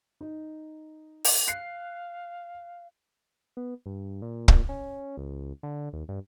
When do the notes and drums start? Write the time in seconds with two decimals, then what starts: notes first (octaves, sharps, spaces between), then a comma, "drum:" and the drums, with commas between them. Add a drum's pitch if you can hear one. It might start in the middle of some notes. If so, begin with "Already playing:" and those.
0.21 D#4
1.24 drum: open hi-hat
1.47 F5 F#6 C7
3.57 B3
3.86 G2
4.22 A#2
4.48 A#2, drum: kick
4.69 C#4
5.17 C#2
5.63 D3
5.93 D#2
6.09 G2